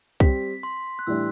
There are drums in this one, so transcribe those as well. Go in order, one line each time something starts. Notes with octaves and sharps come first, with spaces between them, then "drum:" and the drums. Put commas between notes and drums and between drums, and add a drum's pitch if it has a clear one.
G3 C4 G4 B6, drum: kick
C6
F#6
A2 E3 G3 D4 E6